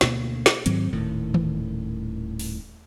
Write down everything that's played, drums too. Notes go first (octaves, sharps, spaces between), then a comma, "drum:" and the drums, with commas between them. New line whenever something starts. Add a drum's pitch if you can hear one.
D2 B2 A#3, drum: snare
drum: snare
G#2 D#3 F#3 C4, drum: hi-hat
D#1 A2 D#3
drum: tom D#3
drum: open hi-hat